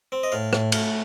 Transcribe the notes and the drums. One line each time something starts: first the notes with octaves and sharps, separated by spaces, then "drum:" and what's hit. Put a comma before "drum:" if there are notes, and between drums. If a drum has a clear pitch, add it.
C4
D#5
A2 F5
A2, drum: rim click
A2 F5, drum: cymbal